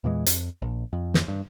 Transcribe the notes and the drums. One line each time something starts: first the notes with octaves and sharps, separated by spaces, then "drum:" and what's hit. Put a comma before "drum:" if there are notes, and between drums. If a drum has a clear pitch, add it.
E2 A#2 E3 G#3
F2, drum: hi-hat
A#1
F2
drum: snare
G2